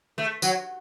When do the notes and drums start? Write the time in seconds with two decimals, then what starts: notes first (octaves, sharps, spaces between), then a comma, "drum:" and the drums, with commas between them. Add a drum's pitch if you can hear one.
0.18 A3
0.42 F#3, drum: tambourine